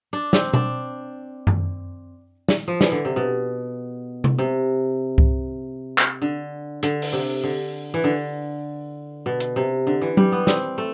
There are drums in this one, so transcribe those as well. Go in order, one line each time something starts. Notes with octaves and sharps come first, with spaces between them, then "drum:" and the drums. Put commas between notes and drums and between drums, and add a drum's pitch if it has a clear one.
D4
C4, drum: snare
D4, drum: tom B2
drum: tom F#2
drum: snare
F3
E3, drum: snare
D3
C3
B2
drum: tom C3
C3
drum: kick C2
drum: clap
D3
D3, drum: hi-hat
drum: open hi-hat
C3
D3
E3
D3
B2
drum: hi-hat
C3
D3
E3
G3, drum: tom F#3
B3
C4, drum: snare
A3